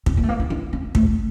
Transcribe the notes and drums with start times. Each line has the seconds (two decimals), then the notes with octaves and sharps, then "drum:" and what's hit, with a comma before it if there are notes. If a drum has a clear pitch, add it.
0.06 C4, drum: kick
0.17 A#3
0.23 A3
0.29 A#3
0.40 D4
0.50 D4
0.73 C4
0.95 A3, drum: kick